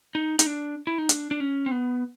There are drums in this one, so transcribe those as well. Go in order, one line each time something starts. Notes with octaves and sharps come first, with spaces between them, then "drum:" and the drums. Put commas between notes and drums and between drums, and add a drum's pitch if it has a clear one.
D#4
D#4, drum: hi-hat
D4
E4
D#4
D4, drum: hi-hat
D4
C#4
C4
B3